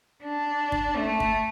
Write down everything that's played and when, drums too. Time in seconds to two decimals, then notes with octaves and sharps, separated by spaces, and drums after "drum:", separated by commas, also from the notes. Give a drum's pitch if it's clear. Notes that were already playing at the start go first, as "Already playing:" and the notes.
0.24 D4
0.72 drum: kick
0.96 A3
1.20 drum: kick